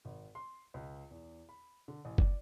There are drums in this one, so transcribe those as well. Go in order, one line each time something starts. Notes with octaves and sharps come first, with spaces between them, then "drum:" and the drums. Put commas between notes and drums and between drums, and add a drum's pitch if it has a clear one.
G#1
C6
C#2
E2
B5
D3
A1
D5, drum: kick F#1